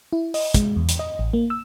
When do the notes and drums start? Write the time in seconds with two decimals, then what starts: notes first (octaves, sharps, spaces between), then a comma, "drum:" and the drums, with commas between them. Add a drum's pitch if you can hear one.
0.13 E4
0.34 D#5, drum: open hi-hat
0.54 G#3, drum: kick, hi-hat
0.76 E2
0.89 drum: hi-hat
0.99 D#5
1.19 A1
1.33 A#3
1.50 E6